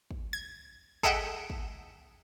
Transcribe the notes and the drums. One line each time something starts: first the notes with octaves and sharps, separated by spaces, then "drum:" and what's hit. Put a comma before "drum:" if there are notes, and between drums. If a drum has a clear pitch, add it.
drum: kick
G#6
G#4 A4 D#5 E5 F#5 G5, drum: kick
drum: rim click
drum: kick